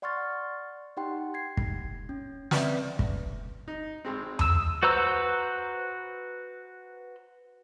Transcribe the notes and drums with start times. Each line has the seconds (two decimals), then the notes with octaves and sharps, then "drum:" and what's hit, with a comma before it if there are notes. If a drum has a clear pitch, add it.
0.02 D5 F#5 C6 C#6 F6 A6
0.97 D#4 G4 F#5 G5 C6
1.34 G#6 C7
1.57 drum: kick
2.09 C#4
2.51 C4 B4 D5 E5, drum: snare
2.99 drum: kick
3.68 D#4
4.05 G#1 G#3 C4
4.39 D#6 E6, drum: tom E2
4.83 F#4 B4 C5 A#5 E6